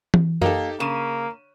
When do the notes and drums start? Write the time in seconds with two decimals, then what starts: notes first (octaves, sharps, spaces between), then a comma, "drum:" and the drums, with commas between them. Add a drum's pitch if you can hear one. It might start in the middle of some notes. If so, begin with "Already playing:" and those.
0.14 drum: tom E3
0.41 F#2 A#3 D#4 G4 A4
0.80 C#3 A#3 D#7 E7